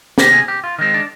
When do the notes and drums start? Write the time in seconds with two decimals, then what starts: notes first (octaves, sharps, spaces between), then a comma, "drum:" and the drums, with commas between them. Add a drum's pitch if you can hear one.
0.18 C3 D#3 A#3 G4, drum: snare
0.33 G#4
0.48 G4
0.64 F4
0.78 D#3 G#3 C4 D#4
0.94 D4